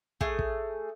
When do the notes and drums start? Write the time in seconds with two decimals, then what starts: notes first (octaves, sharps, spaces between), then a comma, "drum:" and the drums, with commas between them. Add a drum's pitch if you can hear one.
0.21 A3 G#4, drum: kick
0.39 drum: kick